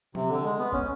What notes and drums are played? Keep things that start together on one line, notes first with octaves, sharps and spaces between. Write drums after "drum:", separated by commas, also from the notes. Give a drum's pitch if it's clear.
C3, drum: tom F3
D3
G#3
B3
C#4, drum: kick